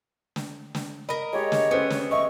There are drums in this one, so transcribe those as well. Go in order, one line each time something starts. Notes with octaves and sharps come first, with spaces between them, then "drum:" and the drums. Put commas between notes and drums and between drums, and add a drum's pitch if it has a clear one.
drum: snare
drum: snare
A#4 D#5 B5
G#3 G4 C#5
drum: snare
B3 C#4 A4 C5
drum: snare
D#5 E5 C#6